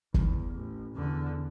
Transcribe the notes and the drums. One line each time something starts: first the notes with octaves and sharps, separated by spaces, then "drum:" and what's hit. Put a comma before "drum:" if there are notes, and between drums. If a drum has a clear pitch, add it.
E2, drum: kick F#1
A1
E2 D3